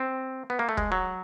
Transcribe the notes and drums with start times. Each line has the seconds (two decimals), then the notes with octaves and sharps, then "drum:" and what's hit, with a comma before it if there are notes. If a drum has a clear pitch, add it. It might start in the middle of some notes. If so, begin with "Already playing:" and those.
Already playing: C4
0.50 B3
0.59 A#3
0.69 A3
0.77 G#3, drum: kick
0.92 F#3